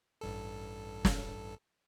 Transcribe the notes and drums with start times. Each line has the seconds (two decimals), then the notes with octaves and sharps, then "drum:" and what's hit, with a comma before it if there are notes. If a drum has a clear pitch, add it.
0.21 A1 G2 A4
1.05 drum: snare